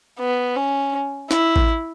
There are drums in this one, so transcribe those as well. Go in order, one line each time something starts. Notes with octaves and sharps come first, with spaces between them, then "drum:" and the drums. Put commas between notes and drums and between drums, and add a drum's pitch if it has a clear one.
B3
C#4
E4, drum: snare
drum: kick A1